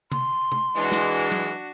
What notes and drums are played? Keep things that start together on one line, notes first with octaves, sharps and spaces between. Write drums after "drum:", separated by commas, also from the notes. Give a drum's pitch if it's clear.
C6, drum: tom C3
drum: tom C3
E3 G#3 D4 F#4
drum: snare
drum: tom